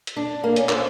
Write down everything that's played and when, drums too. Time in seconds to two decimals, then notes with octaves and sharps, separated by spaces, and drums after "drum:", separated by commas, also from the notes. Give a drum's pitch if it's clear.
0.07 drum: hi-hat
0.16 D4
0.44 A#3
0.56 C#4, drum: hi-hat
0.69 C5, drum: clap